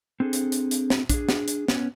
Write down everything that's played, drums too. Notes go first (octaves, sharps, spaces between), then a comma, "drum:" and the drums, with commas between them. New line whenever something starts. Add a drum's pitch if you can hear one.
C4 D4 G#4 A4
drum: hi-hat
drum: hi-hat
drum: hi-hat
drum: snare
D4 G#4, drum: kick, hi-hat
drum: snare
drum: hi-hat
B3 C#4, drum: snare